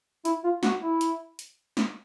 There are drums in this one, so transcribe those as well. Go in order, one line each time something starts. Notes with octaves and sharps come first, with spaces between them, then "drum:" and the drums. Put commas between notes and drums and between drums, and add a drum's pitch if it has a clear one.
E4, drum: hi-hat
F4
F#4, drum: snare
E4
drum: hi-hat
drum: hi-hat
drum: snare